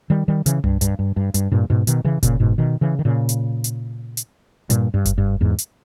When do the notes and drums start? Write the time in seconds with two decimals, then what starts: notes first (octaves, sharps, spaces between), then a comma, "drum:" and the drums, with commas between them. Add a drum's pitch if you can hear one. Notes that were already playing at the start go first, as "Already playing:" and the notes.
0.10 D#3 G3
0.28 D#3 G3
0.46 C#3 E3, drum: hi-hat
0.64 G2, drum: tom C2
0.81 G2, drum: hi-hat
0.99 G2
1.16 G2
1.34 G2, drum: hi-hat
1.52 G2 A#2
1.70 G#2 B2
1.87 B2 D#3, drum: hi-hat
2.05 C#3 E3
2.23 A#2 C#3, drum: kick F#1, hi-hat
2.40 G#2 B2
2.58 B2 D#3
2.81 C#3 E3
2.99 D#3
3.05 A#2 C#3
3.29 drum: hi-hat
3.64 drum: hi-hat
4.17 drum: hi-hat
4.70 G2 A#2, drum: hi-hat
4.94 G2
5.05 drum: kick F#1, hi-hat
5.18 G2
5.41 E2 G#2
5.58 drum: hi-hat